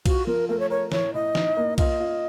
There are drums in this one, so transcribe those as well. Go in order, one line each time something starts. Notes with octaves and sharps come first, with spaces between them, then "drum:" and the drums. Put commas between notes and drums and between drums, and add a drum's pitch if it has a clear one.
F4 F#4, drum: kick B1, cymbal
F3 A#4
A3 A#4
C#5
A#4 C#5
A2 C#5, drum: snare
A2 D#5
D#4, drum: snare
A#3
F4 D#5, drum: kick B1, cymbal
F4